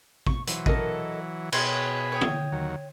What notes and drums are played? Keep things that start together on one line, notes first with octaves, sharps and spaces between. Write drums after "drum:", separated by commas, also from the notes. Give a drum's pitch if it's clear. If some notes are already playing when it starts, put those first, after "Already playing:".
C#6, drum: kick
E3 F#3 C5, drum: hi-hat
A4 A#4 D#5, drum: kick
B2 G#4 C#5 G5 B5 C6, drum: cymbal
C#5 G5 D#6
drum: tom
D#2 F#3